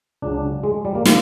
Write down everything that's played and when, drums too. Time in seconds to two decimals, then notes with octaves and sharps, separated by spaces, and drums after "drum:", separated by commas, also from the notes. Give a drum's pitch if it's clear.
0.22 C#2 C#3 F#3 D4
0.64 G#3
0.85 G3
0.95 A#3
1.05 C3 F3 A#3, drum: snare